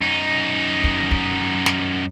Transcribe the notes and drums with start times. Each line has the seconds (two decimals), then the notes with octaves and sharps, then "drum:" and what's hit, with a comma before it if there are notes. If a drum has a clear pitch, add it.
0.02 F#2 D#4
0.84 drum: kick
1.11 drum: kick
1.66 drum: snare